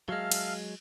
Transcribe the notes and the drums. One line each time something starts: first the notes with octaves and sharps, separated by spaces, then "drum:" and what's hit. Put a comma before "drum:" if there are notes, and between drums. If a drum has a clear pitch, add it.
F#3 G#3 A#4 E5 F5 A5
drum: cymbal